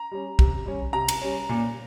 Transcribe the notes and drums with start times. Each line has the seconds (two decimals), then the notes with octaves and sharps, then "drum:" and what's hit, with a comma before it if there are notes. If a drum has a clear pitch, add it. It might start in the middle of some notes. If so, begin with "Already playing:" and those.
Already playing: A#5
0.11 G3 C#4
0.39 C3, drum: kick
0.66 G3 C#4
0.93 C3 A#5
1.08 drum: cymbal
1.22 G3 C#4
1.49 A#2